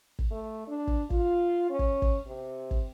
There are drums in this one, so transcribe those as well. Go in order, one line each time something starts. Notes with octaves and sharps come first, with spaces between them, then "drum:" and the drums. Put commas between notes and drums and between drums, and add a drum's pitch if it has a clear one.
drum: kick
A3
D4
drum: kick
F4, drum: kick
C#4
drum: kick
drum: kick
C3
drum: kick